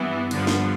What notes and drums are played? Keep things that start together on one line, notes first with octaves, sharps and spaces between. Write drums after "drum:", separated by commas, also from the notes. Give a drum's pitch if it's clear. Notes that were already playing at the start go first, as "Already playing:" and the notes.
Already playing: G2 E3 B3 E4
G2 D3 F3 B3, drum: cymbal
drum: snare